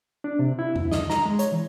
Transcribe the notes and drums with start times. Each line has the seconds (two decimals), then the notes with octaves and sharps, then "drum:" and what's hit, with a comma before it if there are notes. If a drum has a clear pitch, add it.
0.24 D4
0.39 C3
0.59 E4
0.76 D2, drum: tom F2
0.92 D#5, drum: snare
1.10 A#5, drum: snare
1.25 G#3
1.39 C#5, drum: hi-hat
1.52 E3